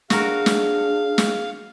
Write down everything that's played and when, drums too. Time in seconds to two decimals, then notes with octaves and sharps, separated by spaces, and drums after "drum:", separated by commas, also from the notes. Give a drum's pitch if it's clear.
0.10 D4 F#4 G#4 A#4 F5, drum: snare
0.46 drum: snare
1.18 drum: snare